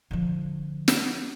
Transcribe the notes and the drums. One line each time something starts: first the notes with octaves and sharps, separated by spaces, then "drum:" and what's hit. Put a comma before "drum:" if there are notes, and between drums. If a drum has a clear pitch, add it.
D3 F3
drum: snare